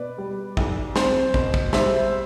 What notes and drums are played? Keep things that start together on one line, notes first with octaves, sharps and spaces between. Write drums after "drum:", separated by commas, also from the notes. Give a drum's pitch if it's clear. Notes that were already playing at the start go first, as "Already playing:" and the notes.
Already playing: B2 B4 D5
G3
B1, drum: kick
C4 C5, drum: snare
B2, drum: kick
drum: kick
G3 C5 E5, drum: snare